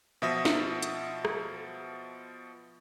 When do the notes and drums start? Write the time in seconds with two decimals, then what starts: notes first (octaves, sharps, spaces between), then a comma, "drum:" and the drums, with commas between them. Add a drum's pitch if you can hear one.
0.22 B2 F3 E5 D#6 A#6
0.45 drum: snare D4
0.83 drum: hi-hat
1.25 drum: rim click